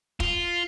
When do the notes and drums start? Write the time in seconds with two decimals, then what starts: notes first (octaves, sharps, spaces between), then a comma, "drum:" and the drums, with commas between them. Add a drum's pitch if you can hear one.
0.20 F4, drum: kick